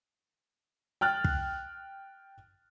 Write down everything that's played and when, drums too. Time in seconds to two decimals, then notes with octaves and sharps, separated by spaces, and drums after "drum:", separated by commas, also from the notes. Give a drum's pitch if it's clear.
1.01 G5 F6 F#6 A6
1.24 drum: kick